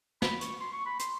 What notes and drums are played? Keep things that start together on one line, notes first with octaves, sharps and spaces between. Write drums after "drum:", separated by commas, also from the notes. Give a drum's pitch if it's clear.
B5, drum: snare
C#6, drum: hi-hat
C6
C#6
B5
C6, drum: hi-hat